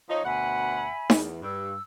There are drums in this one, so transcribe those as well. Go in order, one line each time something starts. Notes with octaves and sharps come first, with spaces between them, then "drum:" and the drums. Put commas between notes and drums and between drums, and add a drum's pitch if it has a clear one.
F3 D#4 C#5
D2 B2 E5 F#5 G#5 B5
E2, drum: snare D#4
G2 E6